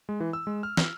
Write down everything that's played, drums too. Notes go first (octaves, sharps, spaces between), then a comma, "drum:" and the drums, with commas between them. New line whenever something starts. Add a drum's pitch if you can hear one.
G#3
E3
E6
G#3
F6
F6, drum: snare